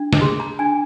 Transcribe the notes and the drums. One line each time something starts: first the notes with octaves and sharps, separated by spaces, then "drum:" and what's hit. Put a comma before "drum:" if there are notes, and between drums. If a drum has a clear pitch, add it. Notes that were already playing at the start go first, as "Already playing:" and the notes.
Already playing: D4
D6, drum: snare
G#4 C6
A#5
D4 G#5